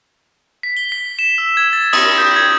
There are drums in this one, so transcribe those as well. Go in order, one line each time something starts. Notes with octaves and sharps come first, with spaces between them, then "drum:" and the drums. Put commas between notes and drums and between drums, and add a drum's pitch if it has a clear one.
B6
G7
B6
E7
E6
G#6
A6
D#6, drum: cymbal
G6
G#6